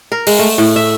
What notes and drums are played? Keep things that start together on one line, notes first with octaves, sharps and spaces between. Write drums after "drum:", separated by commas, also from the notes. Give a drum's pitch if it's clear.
A#4
G#3, drum: open hi-hat
A3
A2
E5